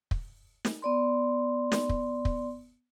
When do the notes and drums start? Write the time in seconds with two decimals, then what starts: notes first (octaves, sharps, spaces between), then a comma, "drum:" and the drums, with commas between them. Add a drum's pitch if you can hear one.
0.11 drum: kick
0.65 drum: snare
0.82 B3 D5 C6
1.72 drum: snare
1.89 drum: kick
2.25 drum: kick